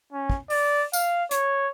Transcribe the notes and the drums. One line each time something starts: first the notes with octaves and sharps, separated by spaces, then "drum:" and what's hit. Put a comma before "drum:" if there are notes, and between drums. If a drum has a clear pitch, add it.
C#4
drum: kick
D5, drum: open hi-hat
F5, drum: tambourine
C#5, drum: hi-hat